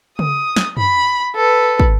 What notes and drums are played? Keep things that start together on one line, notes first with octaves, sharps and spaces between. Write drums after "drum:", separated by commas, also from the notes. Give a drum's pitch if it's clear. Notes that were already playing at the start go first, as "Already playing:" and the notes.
D#6, drum: tom C#3
drum: snare
B5, drum: tom F#2
A4 B4
drum: kick